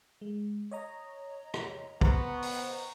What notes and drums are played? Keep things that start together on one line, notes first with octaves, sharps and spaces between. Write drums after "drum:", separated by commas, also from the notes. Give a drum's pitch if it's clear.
G#3
C#5 D#5 A#5
drum: rim click
B3 C5 A#5 C#6, drum: kick
drum: open hi-hat